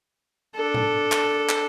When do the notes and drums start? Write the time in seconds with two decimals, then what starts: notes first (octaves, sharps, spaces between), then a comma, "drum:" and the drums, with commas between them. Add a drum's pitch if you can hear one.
0.56 D4 A4
0.74 drum: tom A2
1.12 drum: clap
1.49 drum: clap